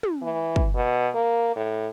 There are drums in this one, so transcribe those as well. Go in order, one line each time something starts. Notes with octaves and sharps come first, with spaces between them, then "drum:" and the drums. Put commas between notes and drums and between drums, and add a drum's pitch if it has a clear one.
drum: tom
E3
drum: kick
B2
A#3
A2